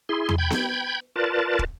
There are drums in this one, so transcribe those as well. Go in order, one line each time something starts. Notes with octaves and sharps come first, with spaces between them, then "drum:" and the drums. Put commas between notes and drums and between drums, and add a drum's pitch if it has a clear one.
E4 G#4 C6
drum: tom E2
G5 B5 G6 G#6
drum: snare B3
F4 A#4 B4 D5 A5
drum: kick